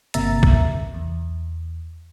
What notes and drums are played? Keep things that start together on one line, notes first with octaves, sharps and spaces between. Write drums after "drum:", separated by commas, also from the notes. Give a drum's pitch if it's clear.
G1 C3 A#3 E5 A#5 A6, drum: hi-hat
drum: kick A#1
E2